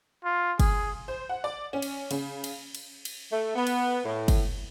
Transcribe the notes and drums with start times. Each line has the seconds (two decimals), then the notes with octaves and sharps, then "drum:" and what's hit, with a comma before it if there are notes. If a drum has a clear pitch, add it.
0.24 F4
0.60 G#4, drum: kick G1, cymbal
1.08 C5
1.29 F#5
1.44 D5
1.73 C#4
1.82 drum: cymbal
2.11 C#3, drum: cymbal
2.44 drum: cymbal
2.75 drum: cymbal
3.05 drum: cymbal
3.32 A3
3.56 B3
3.67 drum: cymbal
4.05 A2
4.28 drum: kick G1, cymbal